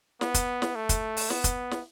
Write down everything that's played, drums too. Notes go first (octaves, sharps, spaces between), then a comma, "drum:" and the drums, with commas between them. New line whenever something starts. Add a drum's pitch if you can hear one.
B3, drum: snare
drum: kick, hi-hat
drum: snare
A3
drum: kick, hi-hat
drum: open hi-hat
B3, drum: snare
drum: kick, hi-hat
drum: snare